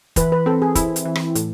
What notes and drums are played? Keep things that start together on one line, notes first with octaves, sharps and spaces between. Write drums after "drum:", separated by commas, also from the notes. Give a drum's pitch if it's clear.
E3 B4, drum: kick, hi-hat
B4
C4 A4
G#4
E4, drum: kick, hi-hat
drum: hi-hat
E3
drum: rim click
A2, drum: hi-hat